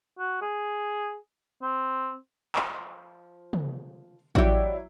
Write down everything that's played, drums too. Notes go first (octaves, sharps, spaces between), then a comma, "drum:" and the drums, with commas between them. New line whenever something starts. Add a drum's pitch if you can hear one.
F#4
G#4
C4
F3, drum: clap
drum: tom
F#3 D#4 E4 F#4 G4 D5 E5, drum: kick A1